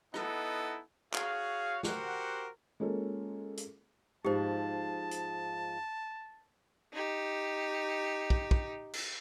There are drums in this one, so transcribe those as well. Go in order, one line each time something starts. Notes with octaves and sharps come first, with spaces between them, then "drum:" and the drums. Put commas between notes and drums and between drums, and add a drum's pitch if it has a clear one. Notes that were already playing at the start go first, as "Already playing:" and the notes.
B3 D#4 E4 A4 D#5 F#5, drum: rim click
F#4 G#4 C#5 F5, drum: clap
F#4 G4 A#4 C5 F#5, drum: snare
G#3 A#3 C#4 F4 A4
drum: hi-hat
G#2 F3 G4 C5 A5
drum: hi-hat
D#4 G4
drum: kick
drum: kick
drum: cymbal